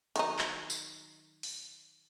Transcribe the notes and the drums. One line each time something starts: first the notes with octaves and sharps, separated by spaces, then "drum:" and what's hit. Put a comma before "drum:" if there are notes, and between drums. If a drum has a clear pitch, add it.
D#3 F#3 D#4, drum: hi-hat
drum: clap
drum: tambourine
drum: open hi-hat